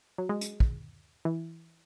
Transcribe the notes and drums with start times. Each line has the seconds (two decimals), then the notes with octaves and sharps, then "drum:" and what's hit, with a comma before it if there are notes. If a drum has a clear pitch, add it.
0.18 F#3
0.29 G#3
0.41 drum: hi-hat
0.60 drum: kick
1.25 E3